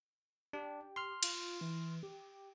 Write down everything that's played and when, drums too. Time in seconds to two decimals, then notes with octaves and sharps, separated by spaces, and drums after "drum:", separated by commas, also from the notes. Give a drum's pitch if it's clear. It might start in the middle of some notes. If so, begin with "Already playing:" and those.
0.53 D4 G4
0.96 C6 F6
1.23 F4, drum: cymbal
1.61 E3
2.03 G4